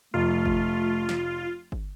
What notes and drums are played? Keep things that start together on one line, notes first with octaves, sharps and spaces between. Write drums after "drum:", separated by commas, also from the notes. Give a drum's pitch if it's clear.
F1 A3 F4
drum: kick G1
drum: snare
drum: kick G1